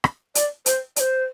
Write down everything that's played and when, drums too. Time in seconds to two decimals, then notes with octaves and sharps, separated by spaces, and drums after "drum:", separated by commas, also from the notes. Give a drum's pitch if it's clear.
0.04 drum: rim click
0.35 D5, drum: hi-hat
0.66 C5, drum: hi-hat
0.96 D5, drum: hi-hat
1.00 C5